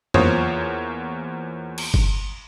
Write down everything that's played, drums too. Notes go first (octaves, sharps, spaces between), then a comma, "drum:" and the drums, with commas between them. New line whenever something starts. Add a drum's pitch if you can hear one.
E2 A#3 F4 C5 C#5 D#6, drum: tom F2
drum: cymbal
drum: kick G1